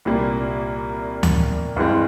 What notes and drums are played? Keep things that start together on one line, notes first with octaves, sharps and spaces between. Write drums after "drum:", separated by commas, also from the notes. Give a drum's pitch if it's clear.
C2 A#2 G3 A#3
drum: tom D2
G2 E3 G#3 C4